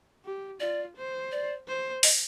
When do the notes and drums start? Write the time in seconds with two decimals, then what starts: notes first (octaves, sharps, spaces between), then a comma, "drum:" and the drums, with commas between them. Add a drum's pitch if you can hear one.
0.25 G4
0.60 F4 D5
0.96 C5
1.32 D5
1.68 C5
2.03 D#5, drum: open hi-hat